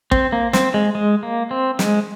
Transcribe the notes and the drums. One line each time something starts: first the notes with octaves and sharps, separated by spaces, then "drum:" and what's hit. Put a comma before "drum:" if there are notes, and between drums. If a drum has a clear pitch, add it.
C4, drum: kick
A#3
C4, drum: snare
G#3
G#3
A#3
C4
G#3, drum: snare